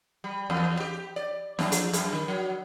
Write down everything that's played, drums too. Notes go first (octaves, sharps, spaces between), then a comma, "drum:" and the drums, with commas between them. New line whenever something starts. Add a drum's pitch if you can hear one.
G3
E2
G4
D5
F#2, drum: snare
F3, drum: hi-hat
F#2, drum: hi-hat
D#3
F#3